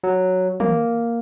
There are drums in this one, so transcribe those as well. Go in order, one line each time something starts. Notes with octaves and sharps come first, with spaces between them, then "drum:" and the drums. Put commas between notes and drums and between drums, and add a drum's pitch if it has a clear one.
F#3
A#3, drum: tom